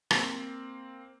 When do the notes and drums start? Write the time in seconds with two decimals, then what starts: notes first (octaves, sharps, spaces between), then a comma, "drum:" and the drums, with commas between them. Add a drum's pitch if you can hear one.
0.11 A#3 C4, drum: rim click